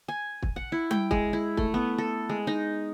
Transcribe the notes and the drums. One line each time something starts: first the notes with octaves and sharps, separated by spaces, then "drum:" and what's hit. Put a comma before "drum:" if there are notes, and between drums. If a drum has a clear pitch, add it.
G#5
drum: kick
F#5
E4
G5, drum: tom G3
G#3, drum: kick
E4
A3, drum: kick
B3
A4
G#3
D#4